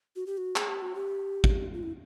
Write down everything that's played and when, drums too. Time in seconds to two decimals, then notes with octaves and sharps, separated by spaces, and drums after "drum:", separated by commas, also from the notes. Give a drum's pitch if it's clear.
0.16 F#4
0.27 G4
0.38 F#4
0.56 G#4, drum: clap
0.68 G4
0.82 F#4
0.95 G4
1.44 drum: kick
1.74 F4
1.83 E4